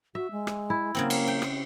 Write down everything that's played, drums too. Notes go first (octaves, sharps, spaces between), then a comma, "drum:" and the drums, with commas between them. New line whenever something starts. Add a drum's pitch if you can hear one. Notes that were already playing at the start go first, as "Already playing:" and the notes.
F#4 E5
G#3
drum: rim click
E4
C#3 F#3 A#3 C4
drum: cymbal
G5
drum: rim click